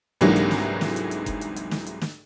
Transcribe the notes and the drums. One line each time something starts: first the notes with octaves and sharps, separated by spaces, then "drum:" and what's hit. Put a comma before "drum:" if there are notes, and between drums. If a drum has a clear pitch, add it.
C2 G#2 D3 E3 F#3 A#3, drum: hi-hat
drum: hi-hat
drum: snare
drum: snare
drum: hi-hat
drum: hi-hat
drum: kick F#1, hi-hat
drum: hi-hat
drum: hi-hat
drum: snare
drum: hi-hat
drum: snare